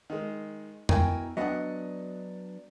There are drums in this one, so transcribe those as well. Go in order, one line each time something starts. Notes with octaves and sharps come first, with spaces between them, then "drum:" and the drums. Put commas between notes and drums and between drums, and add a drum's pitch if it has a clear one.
D#3 G#3
B2 E4 A#4 G5 G#5, drum: tom F2
F#3 B3 D4 D#5 F#5